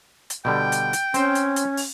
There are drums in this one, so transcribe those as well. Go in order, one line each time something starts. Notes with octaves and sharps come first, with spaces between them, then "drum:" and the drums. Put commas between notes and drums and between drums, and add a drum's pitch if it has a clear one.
drum: hi-hat
B2 D3 G3 G5
drum: hi-hat
drum: hi-hat
C4 C#4 C5, drum: hi-hat
drum: hi-hat
drum: hi-hat
drum: open hi-hat